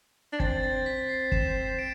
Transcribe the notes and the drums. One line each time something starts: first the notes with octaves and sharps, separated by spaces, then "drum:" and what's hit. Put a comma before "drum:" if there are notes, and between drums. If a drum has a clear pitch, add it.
D4
C4 A6, drum: kick
A6
B6
C7
E7, drum: kick
D7